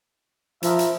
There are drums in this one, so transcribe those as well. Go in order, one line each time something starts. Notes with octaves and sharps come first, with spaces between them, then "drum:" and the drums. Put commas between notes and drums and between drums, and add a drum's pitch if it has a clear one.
F3 E4 A#4 E5, drum: hi-hat
drum: hi-hat